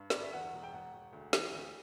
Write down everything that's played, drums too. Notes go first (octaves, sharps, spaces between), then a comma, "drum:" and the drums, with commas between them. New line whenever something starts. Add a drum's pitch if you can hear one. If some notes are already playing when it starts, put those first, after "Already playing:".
Already playing: G2
G1 D5, drum: snare
E5
E2 F#5
E1
G5
E1 F#5
E1
D2
E3, drum: snare
D2